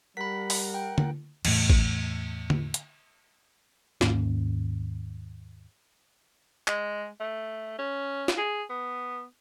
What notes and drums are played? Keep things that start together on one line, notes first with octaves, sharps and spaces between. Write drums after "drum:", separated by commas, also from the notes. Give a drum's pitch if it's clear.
G3 A#4 F#5 B5 B6
drum: open hi-hat
G5
drum: tom D3
E2 A2, drum: cymbal
drum: kick A1
drum: tom D3
drum: hi-hat
D#2 G#2 A#3 C#4, drum: snare
G#3, drum: clap
A3
C#4
drum: snare
G#4
B3